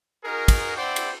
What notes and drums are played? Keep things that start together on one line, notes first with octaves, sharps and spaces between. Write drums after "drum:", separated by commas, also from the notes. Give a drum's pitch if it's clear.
D#4 F#4 G#4 A#4
drum: kick, cymbal
C4 E4 C5 D5 F#5 G5
drum: cymbal